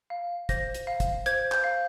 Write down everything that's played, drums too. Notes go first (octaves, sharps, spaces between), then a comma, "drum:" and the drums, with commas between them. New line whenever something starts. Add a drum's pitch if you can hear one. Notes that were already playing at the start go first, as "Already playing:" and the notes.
F5
C5 A#6, drum: kick, hi-hat
drum: hi-hat
F5
drum: kick, hi-hat
C5 G#6, drum: hi-hat
G6, drum: clap
F5